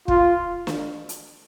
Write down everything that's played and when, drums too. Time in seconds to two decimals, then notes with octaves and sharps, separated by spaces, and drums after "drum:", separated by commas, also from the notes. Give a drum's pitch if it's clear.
0.08 F4, drum: kick
0.67 drum: snare
1.09 drum: hi-hat